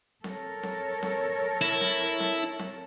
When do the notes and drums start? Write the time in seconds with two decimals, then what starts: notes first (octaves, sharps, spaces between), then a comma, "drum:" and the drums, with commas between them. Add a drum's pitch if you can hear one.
0.24 A4 A#4 C#5, drum: snare C4
0.63 drum: snare C4
1.03 drum: snare C4
1.61 E4
1.81 drum: snare C4
2.20 drum: snare C4
2.59 drum: snare C4